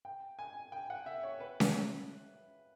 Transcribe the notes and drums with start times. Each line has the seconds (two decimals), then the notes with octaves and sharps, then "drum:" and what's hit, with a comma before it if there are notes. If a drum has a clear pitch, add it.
0.05 G5
0.39 G#5
0.72 G5
0.90 F#5
1.06 E5
1.23 C#5
1.40 B4
1.60 drum: snare C#4